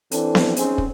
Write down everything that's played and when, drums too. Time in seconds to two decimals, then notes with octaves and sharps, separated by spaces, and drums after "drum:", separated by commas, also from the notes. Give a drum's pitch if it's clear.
0.11 E3 C4 D4 A4, drum: hi-hat
0.35 drum: snare B3
0.56 C4 C#4 D#4 G#4, drum: hi-hat
0.78 drum: kick